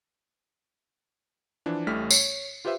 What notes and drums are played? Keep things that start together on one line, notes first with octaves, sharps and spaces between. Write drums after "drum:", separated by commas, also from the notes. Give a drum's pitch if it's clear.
E3 F3 D4
A1 A2 G3 A3 F6 B6
C#5, drum: tambourine
F4 G4 B4 C5 E5